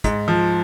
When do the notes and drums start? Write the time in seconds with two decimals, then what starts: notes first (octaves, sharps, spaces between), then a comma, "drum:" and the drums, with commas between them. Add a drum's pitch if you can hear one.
0.04 G#2, drum: kick, hi-hat
0.28 F3